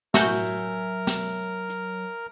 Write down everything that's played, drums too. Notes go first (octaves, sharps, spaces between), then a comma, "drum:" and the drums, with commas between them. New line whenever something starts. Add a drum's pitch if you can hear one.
A2 F#3 F#4 A#4 E5 G#5 G6, drum: snare
drum: hi-hat
drum: snare
drum: hi-hat